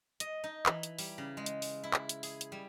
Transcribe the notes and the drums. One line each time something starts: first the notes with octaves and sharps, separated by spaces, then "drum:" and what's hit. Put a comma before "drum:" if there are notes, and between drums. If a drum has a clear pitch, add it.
D#5, drum: hi-hat
D#4
E3, drum: clap
drum: hi-hat
G3, drum: open hi-hat
C#3
G#3
drum: hi-hat
drum: open hi-hat
E4
drum: clap
drum: hi-hat
G#4, drum: open hi-hat
drum: hi-hat
G3